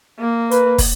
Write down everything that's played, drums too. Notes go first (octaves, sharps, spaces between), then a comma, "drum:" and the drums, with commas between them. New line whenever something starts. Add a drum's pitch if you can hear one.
A#3
B4, drum: hi-hat
drum: kick, open hi-hat